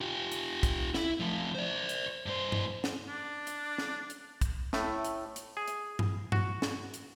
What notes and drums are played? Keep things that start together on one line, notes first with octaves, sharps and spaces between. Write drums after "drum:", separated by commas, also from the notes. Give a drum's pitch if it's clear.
F4 G4
drum: hi-hat
drum: kick, hi-hat
E4, drum: snare
F3 A3
C5 D5
drum: hi-hat
G2 C5
drum: tom G2
drum: snare
D4
drum: hi-hat
drum: snare
drum: hi-hat
drum: kick, hi-hat
A2 A3, drum: snare
drum: hi-hat
drum: hi-hat
G#4
drum: hi-hat
drum: tom G2
F#4, drum: tom G2
drum: snare
drum: hi-hat